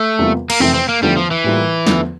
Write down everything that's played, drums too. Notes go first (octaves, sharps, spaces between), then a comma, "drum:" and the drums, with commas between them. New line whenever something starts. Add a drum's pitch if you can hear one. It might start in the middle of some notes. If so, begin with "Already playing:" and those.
Already playing: A3
E2 C3 G3 A#3 F4
A#3, drum: cymbal
F2 C3 E3 A3 C4 E4
C4
A#3
E2 D3 F3 G3 A3
F3
E3
A2 G3 A#3 F4
E2 D3 F3 A3, drum: snare